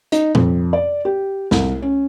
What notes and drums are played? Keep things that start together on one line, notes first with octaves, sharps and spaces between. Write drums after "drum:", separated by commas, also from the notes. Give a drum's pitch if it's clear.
D#4, drum: hi-hat
F2, drum: tom A#2
D5
G4
C2, drum: snare
C#4